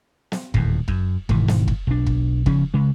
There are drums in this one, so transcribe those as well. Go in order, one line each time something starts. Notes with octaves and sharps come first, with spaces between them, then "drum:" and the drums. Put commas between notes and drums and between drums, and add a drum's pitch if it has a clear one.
drum: snare
D#1 E2 A2, drum: kick
F#2, drum: kick
E1 G#2 D#3 E3, drum: kick
drum: snare
drum: kick
B1 D4
drum: kick
C#3 F3 C#4, drum: kick
C#3 G#3